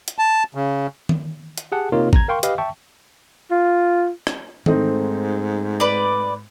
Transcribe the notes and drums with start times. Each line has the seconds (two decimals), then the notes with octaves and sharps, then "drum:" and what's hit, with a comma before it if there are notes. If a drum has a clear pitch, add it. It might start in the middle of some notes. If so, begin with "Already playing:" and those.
0.08 drum: hi-hat
0.19 A5
0.55 C#3
1.09 drum: tom D#3
1.58 drum: hi-hat
1.72 G4 G#4 F#5 A5
1.92 C3 A#3 D#4 F4 A#4 C#5
2.13 A#5 G#6, drum: kick
2.28 A#4 F5 G5 C6 C#6
2.43 G4 B4 D#5 F5, drum: hi-hat
2.58 E5 G5 A5 C#6
3.51 F4
4.27 drum: rim click
4.66 G#2 A3 C4 D#4, drum: tom D#3
5.80 B4 D5